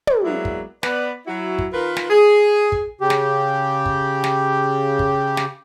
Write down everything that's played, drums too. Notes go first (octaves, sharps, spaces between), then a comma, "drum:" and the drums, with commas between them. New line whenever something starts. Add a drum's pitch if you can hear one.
drum: tom
F#3 G#3 A#3 B3 E4 D5
drum: kick
B3 B4 D5, drum: snare
F#3 E4 F#4
drum: kick
D#3 F4 A#4 B4
drum: snare
G#4
drum: kick
C#3 G4
drum: snare
drum: kick
drum: snare
drum: kick
drum: snare